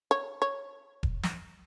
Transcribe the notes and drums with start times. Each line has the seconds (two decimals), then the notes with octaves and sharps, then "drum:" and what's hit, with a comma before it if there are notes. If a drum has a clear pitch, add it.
0.11 C#5
0.42 C#5
1.03 drum: kick E1
1.23 drum: snare